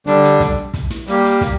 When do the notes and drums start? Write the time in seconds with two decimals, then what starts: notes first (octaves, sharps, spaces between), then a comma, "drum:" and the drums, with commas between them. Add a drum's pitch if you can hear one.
0.07 D3 G3 D4, drum: hi-hat
0.23 drum: hi-hat
0.40 drum: kick, hi-hat
0.74 drum: kick, hi-hat
0.90 drum: snare
1.07 G3 A#3 G4, drum: hi-hat
1.24 drum: hi-hat
1.41 drum: kick, hi-hat